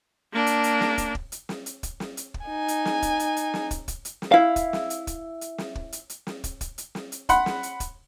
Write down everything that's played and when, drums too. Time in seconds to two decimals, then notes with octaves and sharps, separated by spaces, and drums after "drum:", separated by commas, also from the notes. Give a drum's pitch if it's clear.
0.33 A#3 D4
0.47 drum: hi-hat
0.64 drum: hi-hat
0.81 drum: snare
0.98 drum: kick, hi-hat
1.15 drum: kick
1.32 drum: hi-hat
1.49 drum: snare
1.66 drum: hi-hat
1.83 drum: kick, hi-hat
2.00 drum: snare
2.17 drum: hi-hat
2.34 drum: kick
2.46 D#4 G#5
2.68 drum: hi-hat
2.85 drum: snare
3.02 drum: kick, hi-hat
3.20 drum: hi-hat
3.37 drum: hi-hat
3.54 drum: snare
3.71 drum: kick, hi-hat
3.88 drum: kick, hi-hat
4.05 drum: hi-hat
4.22 drum: snare
4.32 E4 F5
4.56 drum: kick, hi-hat
4.73 drum: snare
4.90 drum: hi-hat
5.07 drum: kick, hi-hat
5.41 drum: hi-hat
5.58 drum: snare
5.75 drum: kick
5.92 drum: hi-hat
6.10 drum: hi-hat
6.27 drum: snare
6.44 drum: kick, hi-hat
6.61 drum: kick, hi-hat
6.78 drum: hi-hat
6.95 drum: snare
7.12 drum: hi-hat
7.29 F#5 B5 C6, drum: kick, hi-hat
7.46 drum: snare
7.63 drum: hi-hat
7.80 drum: kick, hi-hat